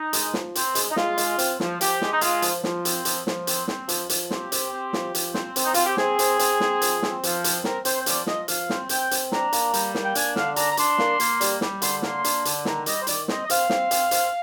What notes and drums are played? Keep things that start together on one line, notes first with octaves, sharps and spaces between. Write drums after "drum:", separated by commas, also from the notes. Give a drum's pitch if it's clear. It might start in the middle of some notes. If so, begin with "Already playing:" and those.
Already playing: D#4
G#3, drum: hi-hat
F3, drum: snare
C4, drum: hi-hat
G#3, drum: hi-hat
D#4
G#3 F4, drum: snare
G#3, drum: hi-hat
C4, drum: hi-hat
F3, drum: snare
F3 G4, drum: hi-hat
G#3, drum: snare
D#4
G#3 F4, drum: hi-hat
F3, drum: hi-hat
F3, drum: snare
C4, drum: hi-hat
F3, drum: hi-hat
F3, drum: snare
C4, drum: hi-hat
C4, drum: snare
F3, drum: hi-hat
F3, drum: hi-hat
C4 G4, drum: snare
C4, drum: hi-hat
C4
F3, drum: snare
F3, drum: hi-hat
C4, drum: snare
C4, drum: hi-hat
D#4
C4 F4, drum: hi-hat
G4
C4 G#4, drum: snare
C4, drum: hi-hat
C4, drum: hi-hat
C4, drum: snare
F3, drum: hi-hat
C4, drum: snare
F3, drum: hi-hat
C4, drum: hi-hat
C4 A#4, drum: snare
C4 C5, drum: hi-hat
C5
F3 D5, drum: hi-hat
F3 D#5, drum: snare
F3 F5, drum: hi-hat
C4, drum: snare
C4 G5, drum: hi-hat
C4, drum: hi-hat
D4 A#5, drum: snare
A#3, drum: hi-hat
G3, drum: hi-hat
A#3, drum: snare
G5
D4 G#5, drum: hi-hat
D3 F5, drum: snare
D4 A#5, drum: hi-hat
A#5
D4 C6, drum: hi-hat
A#3, drum: snare
A#3, drum: hi-hat
G3, drum: hi-hat
G3, drum: snare
D3 C6, drum: hi-hat
A#3 C6, drum: snare
D4, drum: hi-hat
D3, drum: hi-hat
D#3 A#5, drum: snare
G3 D#5, drum: hi-hat
C5
D#3 D5, drum: hi-hat
C4 D#5, drum: snare
D#5
C4 F5, drum: hi-hat
C4, drum: snare
C4, drum: hi-hat
C4, drum: hi-hat